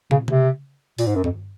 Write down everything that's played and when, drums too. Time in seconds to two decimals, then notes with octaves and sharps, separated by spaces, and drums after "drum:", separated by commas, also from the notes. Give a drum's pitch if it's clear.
0.11 C#3, drum: tom
0.28 C3, drum: tom C#3
0.98 A#2, drum: open hi-hat
1.07 G#2
1.15 F#2
1.24 F2, drum: tom G2